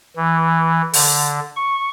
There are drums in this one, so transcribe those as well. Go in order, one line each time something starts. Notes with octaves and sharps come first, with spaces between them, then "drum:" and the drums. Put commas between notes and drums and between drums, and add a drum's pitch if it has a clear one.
E3
D3, drum: open hi-hat
C#6